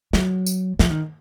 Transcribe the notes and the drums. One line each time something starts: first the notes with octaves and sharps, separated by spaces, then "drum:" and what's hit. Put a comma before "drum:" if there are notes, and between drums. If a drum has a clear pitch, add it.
F#3, drum: snare
drum: tambourine
F3, drum: snare
D#3